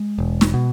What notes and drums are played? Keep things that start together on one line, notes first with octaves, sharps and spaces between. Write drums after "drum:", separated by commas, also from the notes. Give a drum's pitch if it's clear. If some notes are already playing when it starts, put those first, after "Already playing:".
Already playing: G#3
E1
drum: snare
B2